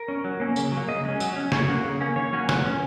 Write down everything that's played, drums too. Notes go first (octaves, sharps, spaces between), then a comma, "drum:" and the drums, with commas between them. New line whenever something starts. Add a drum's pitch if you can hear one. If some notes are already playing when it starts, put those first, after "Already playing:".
Already playing: A#4
C#4
F#3
A#3 C#4
C#3, drum: tambourine
F#3
A#3
C#3 D#5
G#3 C#4
F#3, drum: tambourine
C#4
C#3 C#5, drum: snare
F#3 A#3
C#3
A#3 C#4
D#3 C#5
F#3 A#3 C#4
F#3, drum: snare
C#4